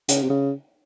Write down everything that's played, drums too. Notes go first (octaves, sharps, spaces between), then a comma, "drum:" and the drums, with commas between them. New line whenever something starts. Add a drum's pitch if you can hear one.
C#3, drum: hi-hat
C3
C#3